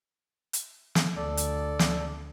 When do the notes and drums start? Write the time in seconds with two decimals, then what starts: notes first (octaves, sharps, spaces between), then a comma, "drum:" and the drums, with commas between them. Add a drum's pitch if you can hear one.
0.53 drum: hi-hat
0.95 drum: snare
1.16 D2 A4 D5
1.37 drum: hi-hat
1.79 drum: snare